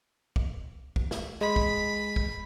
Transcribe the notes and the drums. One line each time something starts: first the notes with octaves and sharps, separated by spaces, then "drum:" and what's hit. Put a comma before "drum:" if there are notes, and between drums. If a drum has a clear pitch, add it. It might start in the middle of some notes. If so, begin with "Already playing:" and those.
drum: kick
drum: kick
drum: snare
G#3 B5
drum: kick
drum: kick